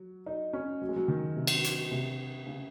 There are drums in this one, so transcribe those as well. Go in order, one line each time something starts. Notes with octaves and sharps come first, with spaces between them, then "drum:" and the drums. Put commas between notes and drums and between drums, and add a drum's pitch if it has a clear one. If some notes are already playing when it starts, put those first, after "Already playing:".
Already playing: F#3
D#4
C#4
F#3
G#3
F#3
D#3
C3
drum: cymbal
drum: hi-hat
C3
C#3